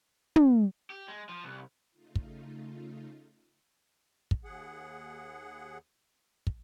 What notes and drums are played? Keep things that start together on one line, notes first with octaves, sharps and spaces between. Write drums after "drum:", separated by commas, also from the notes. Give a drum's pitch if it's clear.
drum: tom
G4
G#3
F3
C2
C#3 A3 D#4 F4
drum: kick
drum: kick
D#2 G#4 F#5
drum: kick